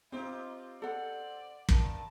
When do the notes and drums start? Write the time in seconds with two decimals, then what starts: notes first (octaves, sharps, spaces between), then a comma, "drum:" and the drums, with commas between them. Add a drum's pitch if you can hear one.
0.12 C4 D#4 F4 G4
0.82 A4 D5 F#5
1.69 G2 A#4 A5, drum: kick